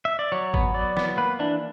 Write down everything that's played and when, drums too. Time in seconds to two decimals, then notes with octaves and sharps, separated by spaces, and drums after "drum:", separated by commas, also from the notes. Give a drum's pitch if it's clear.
0.05 E5
0.19 D5
0.32 F#3 C#5
0.54 B3, drum: kick G#1
0.74 F#3 D5
0.97 B3, drum: snare
1.17 A#3 B4
1.39 E3 D4